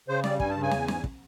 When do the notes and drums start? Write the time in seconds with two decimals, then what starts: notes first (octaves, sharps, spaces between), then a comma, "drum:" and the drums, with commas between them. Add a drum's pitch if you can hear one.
0.08 C#3 C5
0.24 G3 D5, drum: snare
0.40 G2 G#5, drum: kick
0.51 A5
0.56 C#3
0.63 G#5
0.72 E2, drum: snare
0.88 G#2, drum: snare
1.04 drum: kick